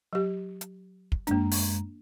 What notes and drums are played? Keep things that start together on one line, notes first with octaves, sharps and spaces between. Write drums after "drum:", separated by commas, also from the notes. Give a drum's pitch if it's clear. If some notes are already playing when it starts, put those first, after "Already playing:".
F#3 G4
drum: hi-hat
drum: kick
F#2 G#3 A#3 D4 A#5, drum: hi-hat
drum: open hi-hat